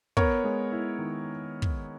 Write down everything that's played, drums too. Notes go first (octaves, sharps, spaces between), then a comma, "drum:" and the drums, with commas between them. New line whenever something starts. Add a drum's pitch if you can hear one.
B3 A#4 C#5, drum: kick
G#3
E4
D#3
drum: kick